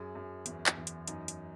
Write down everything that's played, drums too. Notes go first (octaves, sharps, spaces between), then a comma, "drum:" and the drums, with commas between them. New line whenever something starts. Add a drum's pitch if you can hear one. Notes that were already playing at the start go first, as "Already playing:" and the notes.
Already playing: F#2 G#4
F#2
E2, drum: hi-hat
drum: clap
E2
drum: hi-hat
F#2 D#4, drum: hi-hat
drum: hi-hat